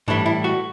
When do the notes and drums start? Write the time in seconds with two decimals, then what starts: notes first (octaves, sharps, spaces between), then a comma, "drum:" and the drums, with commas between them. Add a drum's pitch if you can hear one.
0.08 A2 E3 G3 D4, drum: tom G2
0.26 E4
0.44 F#4